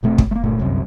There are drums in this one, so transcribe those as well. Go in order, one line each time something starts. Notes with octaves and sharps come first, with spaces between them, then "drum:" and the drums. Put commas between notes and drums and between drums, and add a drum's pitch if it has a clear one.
E1 B2 A3 C4
drum: kick
A3 A#3
G1 A#2 A3
G1 C2 F#2 C3